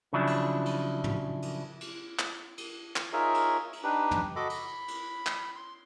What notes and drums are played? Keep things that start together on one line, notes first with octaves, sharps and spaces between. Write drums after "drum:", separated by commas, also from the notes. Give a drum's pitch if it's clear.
C#3 F3 F#3 D4 E4
drum: cymbal
drum: cymbal
drum: tom
drum: cymbal
drum: cymbal
drum: clap
drum: cymbal
drum: clap
D#4 F4 G#4 A#4 C#5 E5
drum: cymbal
drum: cymbal
D4 D#4 G4 B4
drum: tom
F#4 A4 D#5 B5 D6
B5, drum: cymbal
drum: cymbal
drum: clap
C6